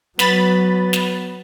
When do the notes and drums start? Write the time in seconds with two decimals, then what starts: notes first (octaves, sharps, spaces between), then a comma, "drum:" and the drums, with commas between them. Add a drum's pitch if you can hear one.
0.19 F#3 B3 B5 A6, drum: snare
0.93 drum: snare